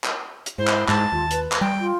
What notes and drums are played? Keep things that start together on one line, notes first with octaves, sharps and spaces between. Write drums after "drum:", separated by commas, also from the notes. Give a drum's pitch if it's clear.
drum: clap
drum: hi-hat
G#2 E4 C5
drum: clap
G#2 A5, drum: clap
D#2 F4
B4, drum: hi-hat
drum: clap
G3 G5
F4